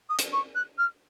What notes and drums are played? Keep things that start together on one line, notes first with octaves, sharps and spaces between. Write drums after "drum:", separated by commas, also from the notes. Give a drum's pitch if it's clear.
D#6
drum: hi-hat
C#6
F#6
F6